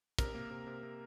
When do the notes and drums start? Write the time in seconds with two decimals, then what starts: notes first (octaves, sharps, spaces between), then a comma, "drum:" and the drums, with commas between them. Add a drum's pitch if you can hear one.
0.19 C3 A#4, drum: kick, hi-hat
0.35 A#3
0.51 C3
0.67 C3
0.83 C3